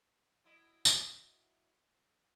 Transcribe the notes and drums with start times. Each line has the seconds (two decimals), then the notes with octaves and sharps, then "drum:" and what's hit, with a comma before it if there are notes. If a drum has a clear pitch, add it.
0.44 F#3 E4 D#5
0.85 drum: tambourine